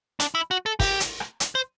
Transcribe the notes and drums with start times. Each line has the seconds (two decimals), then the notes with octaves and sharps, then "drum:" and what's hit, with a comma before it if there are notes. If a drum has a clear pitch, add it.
0.20 D4, drum: hi-hat
0.35 E4
0.51 F#4
0.66 A4
0.80 G4, drum: kick, open hi-hat
1.00 drum: hi-hat
1.20 drum: rim click
1.40 drum: hi-hat
1.55 C5